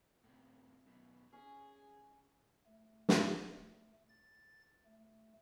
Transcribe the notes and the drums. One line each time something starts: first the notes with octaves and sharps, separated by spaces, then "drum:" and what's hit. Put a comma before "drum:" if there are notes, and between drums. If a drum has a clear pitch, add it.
A2 C3
F#2 B2
C#4 G#4 G#5
A3
drum: snare
A6
A3